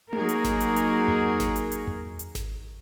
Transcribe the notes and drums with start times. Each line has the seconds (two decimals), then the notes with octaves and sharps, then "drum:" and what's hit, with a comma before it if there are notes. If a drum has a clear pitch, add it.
0.13 F#3 A#3 D#4 F#4 G#4 A#4, drum: tom A3
0.29 drum: hi-hat
0.45 drum: snare G#1
0.60 drum: hi-hat
0.76 drum: hi-hat
1.08 drum: tom E2
1.40 drum: snare G#1
1.56 drum: hi-hat
1.72 drum: hi-hat
1.87 drum: tom E2
2.19 drum: hi-hat
2.35 drum: snare G#1